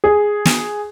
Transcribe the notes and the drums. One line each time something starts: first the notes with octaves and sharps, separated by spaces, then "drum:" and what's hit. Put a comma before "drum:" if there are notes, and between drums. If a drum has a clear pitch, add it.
G#4
drum: snare